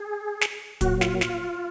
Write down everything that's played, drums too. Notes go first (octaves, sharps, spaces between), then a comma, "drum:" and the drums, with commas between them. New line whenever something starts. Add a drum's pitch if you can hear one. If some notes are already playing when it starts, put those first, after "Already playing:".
Already playing: G#4
drum: snare
A#2 F#3 F#4, drum: kick, hi-hat
F4, drum: snare
F4, drum: snare